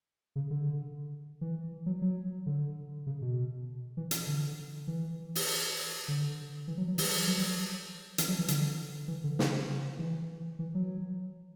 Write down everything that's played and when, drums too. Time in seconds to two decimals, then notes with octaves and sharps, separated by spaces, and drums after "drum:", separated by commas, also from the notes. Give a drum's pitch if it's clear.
0.36 C#3
0.50 D3
1.41 E3
1.86 F#3
2.02 F#3
2.46 D3
3.07 C#3
3.22 B2
3.97 E3
4.11 drum: hi-hat
4.27 D3
4.87 E3
5.35 drum: open hi-hat
6.08 D3
6.68 E3
6.77 F#3
6.88 F#3
6.98 E3, drum: open hi-hat
7.27 F#3
7.38 F#3
8.18 E3, drum: hi-hat
8.28 F#3
8.39 E3
8.48 D3, drum: hi-hat
9.08 E3
9.24 D3
9.39 C#3, drum: snare
9.99 E3
10.59 E3
10.75 F#3